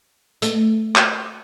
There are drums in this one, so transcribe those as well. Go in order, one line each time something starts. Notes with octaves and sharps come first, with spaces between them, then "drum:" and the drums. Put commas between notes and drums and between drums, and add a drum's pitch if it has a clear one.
A3, drum: hi-hat
drum: clap